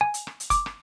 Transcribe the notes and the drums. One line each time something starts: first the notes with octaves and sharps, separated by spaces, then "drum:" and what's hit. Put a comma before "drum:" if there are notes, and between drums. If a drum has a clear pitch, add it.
G#5
drum: hi-hat
drum: rim click
drum: hi-hat
D6, drum: kick F#1, hi-hat
drum: rim click